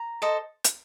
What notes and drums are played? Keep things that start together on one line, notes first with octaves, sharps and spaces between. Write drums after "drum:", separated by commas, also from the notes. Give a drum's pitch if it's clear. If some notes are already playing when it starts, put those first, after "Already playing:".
Already playing: A#5
A4 C5 D#5
drum: hi-hat